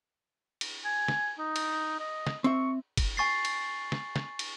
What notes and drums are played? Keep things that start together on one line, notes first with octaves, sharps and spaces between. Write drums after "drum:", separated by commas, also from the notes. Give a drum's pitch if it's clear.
drum: cymbal
G#5
drum: snare
D#4
drum: cymbal
D#5
drum: snare
C4 E5 C#6
drum: kick, cymbal
G#5 C#6 A6 C7
drum: cymbal
drum: snare
drum: snare
drum: cymbal